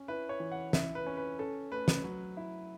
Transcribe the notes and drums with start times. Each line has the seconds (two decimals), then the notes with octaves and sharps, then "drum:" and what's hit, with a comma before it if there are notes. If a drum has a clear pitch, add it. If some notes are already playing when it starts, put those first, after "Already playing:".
Already playing: C#4
0.08 E4 B4
0.29 C#5
0.40 E3
0.52 F#5
0.73 E4 E5, drum: snare
0.95 B4
1.07 C#4
1.17 B4
1.39 C#4 A4
1.71 A3 B4
1.88 drum: snare
2.04 F#3
2.37 E4